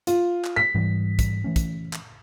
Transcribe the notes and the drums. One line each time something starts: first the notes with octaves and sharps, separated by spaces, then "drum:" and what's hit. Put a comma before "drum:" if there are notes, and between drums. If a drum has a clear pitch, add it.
F4, drum: hi-hat
drum: clap
B6
G#2 E3 G3
drum: kick, hi-hat
E3 A3 C#4
drum: kick, hi-hat
drum: clap